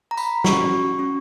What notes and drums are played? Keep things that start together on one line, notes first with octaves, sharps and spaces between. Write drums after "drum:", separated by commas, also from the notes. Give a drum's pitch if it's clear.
A#5
B5, drum: tambourine
C#4 F#4 C#6, drum: snare
C#4 F#4